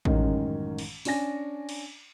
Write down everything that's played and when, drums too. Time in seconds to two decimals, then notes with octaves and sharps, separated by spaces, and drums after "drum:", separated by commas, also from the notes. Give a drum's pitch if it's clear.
0.05 A1 F#2 D#3 G#3, drum: kick A1
0.78 drum: cymbal
1.05 C#4 D4 D5 G#5 A#6, drum: open hi-hat
1.69 drum: cymbal